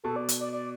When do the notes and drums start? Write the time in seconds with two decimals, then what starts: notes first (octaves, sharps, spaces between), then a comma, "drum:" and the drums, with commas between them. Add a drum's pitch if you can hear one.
0.04 B2 A4
0.16 D5
0.29 drum: hi-hat
0.40 D5
0.53 D5